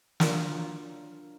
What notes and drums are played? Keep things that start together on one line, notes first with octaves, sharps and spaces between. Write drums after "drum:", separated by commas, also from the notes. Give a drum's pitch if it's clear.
F#3 D4 F4 A#4, drum: snare